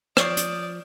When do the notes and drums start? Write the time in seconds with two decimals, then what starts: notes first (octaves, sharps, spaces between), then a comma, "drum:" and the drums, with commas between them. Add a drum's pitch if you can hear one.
0.17 F3 C#5 D5 C#6 D#6 C7, drum: rim click
0.37 drum: hi-hat